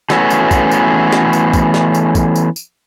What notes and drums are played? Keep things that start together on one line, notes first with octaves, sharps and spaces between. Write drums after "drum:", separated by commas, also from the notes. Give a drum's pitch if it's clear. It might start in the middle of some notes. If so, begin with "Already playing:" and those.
E3 A3 B3 C#4 F#4, drum: snare
drum: tambourine
drum: kick, tambourine
drum: tambourine
drum: snare
drum: tambourine
drum: kick, tambourine
drum: snare
drum: tambourine
drum: kick, tambourine
drum: tambourine
drum: tambourine